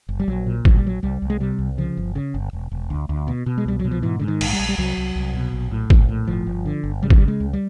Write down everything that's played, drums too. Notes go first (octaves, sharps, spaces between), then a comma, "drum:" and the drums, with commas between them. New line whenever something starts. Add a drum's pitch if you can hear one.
F#1
G3
A#1 F#3
A#2
A#1 F#3, drum: kick G#1
G3
A#1 F#3
C2 G3
C2
G#3
C3 G3
C2
C#3 F3
G1
C#3
G1
E1
E1
D2
D2
B2
B2
G#3
C2 G3
B2 F#3
F3
G#2 E3
G#2 D3
D#3
A#1, drum: cymbal
G3
A#1
G3
C2 F#3
C2
C2
B2
A#1
A2
A#1, drum: kick G#1
A2
G1 F3
G1
D3
G1
C#3 G3
F#3, drum: kick G#1
G3
C#3
G#3
C#2
G3